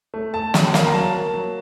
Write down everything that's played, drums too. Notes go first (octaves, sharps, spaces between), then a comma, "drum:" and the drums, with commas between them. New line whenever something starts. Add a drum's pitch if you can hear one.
A3
A3 A5
F#3, drum: snare
A#3 F5, drum: snare
A#5
F#3 A5
A#3
F#3